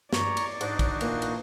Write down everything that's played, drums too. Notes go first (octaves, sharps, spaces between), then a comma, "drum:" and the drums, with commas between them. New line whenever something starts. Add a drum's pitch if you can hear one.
G2 C#5 D5 A#5 C#6, drum: snare
drum: cymbal
G#2 D4 D#4 F#4, drum: cymbal
drum: kick, cymbal
A#2 E3 A#3, drum: cymbal
drum: cymbal